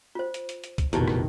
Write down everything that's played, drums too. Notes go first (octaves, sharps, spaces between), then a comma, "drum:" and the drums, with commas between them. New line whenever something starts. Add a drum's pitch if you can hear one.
F4 C5
drum: hi-hat
drum: hi-hat
drum: hi-hat
drum: kick, hi-hat
F1 A#1 E2 B2 D#3 E4 G4 A5, drum: hi-hat
drum: rim click